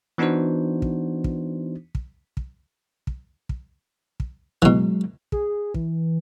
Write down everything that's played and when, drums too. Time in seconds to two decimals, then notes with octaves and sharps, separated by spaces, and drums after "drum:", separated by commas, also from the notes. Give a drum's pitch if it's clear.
0.18 E3 B3 D4 D#4 F#4 C5
0.82 drum: kick
1.24 drum: kick
1.95 drum: kick
2.37 drum: kick
3.07 drum: kick
3.49 drum: kick
4.20 drum: kick
4.62 B2 E3 F#3 G#3, drum: kick
5.32 G#4, drum: kick
5.74 E3, drum: kick